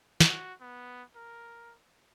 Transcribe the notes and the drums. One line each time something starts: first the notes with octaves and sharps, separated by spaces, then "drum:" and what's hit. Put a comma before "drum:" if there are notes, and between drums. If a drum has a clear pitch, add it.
F#4, drum: snare
B3
A#4